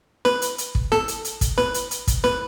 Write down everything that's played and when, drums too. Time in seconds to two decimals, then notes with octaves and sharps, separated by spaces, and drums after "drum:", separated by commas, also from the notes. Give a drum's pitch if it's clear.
0.25 B4, drum: snare
0.42 drum: hi-hat
0.58 drum: hi-hat
0.75 drum: kick
0.92 A4, drum: snare
1.08 drum: hi-hat
1.25 drum: hi-hat
1.41 drum: kick, hi-hat
1.58 B4, drum: snare
1.74 drum: hi-hat
1.91 drum: hi-hat
2.07 drum: kick, hi-hat
2.24 B4, drum: snare